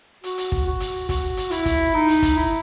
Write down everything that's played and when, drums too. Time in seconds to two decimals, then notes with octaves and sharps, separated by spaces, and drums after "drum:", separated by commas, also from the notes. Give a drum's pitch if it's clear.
0.24 F#4, drum: hi-hat
0.38 drum: hi-hat
0.52 drum: kick
0.66 F#4
0.80 drum: hi-hat
1.09 F#4, drum: kick, hi-hat
1.37 drum: hi-hat
1.51 E4, drum: hi-hat
1.66 drum: kick, hi-hat
1.94 D#4
2.08 drum: hi-hat
2.22 drum: kick, hi-hat
2.37 E4